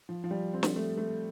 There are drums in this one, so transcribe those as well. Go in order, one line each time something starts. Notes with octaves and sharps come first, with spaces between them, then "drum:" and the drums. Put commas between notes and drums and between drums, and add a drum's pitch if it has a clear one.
F3
F3
G3
C4
drum: snare
A3
A3